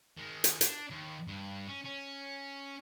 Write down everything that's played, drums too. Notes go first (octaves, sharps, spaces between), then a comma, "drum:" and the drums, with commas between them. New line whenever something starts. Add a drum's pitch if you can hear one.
D#3 G#3
drum: hi-hat
D4, drum: hi-hat
D#2
G2
C#4
C#4